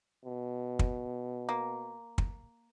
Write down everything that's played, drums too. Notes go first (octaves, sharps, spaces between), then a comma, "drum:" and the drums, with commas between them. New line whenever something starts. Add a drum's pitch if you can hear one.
B2
drum: kick
A#3
drum: kick